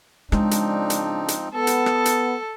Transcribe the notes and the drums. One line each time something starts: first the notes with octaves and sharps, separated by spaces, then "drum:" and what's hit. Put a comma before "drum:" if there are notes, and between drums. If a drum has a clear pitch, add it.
C#3 F3 G#3 C4 D4 D#4, drum: rim click
drum: hi-hat
drum: hi-hat
drum: hi-hat
B3 A4 A5
drum: hi-hat
drum: rim click
drum: hi-hat